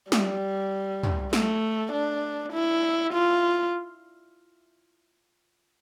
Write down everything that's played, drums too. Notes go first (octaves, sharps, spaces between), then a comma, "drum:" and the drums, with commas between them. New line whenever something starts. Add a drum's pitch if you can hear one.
G3, drum: snare
drum: tom
A3, drum: snare
D4
E4
F4